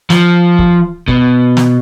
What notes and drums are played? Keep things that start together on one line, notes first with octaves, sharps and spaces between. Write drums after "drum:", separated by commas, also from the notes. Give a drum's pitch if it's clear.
F3, drum: snare
drum: kick
B2, drum: kick
drum: snare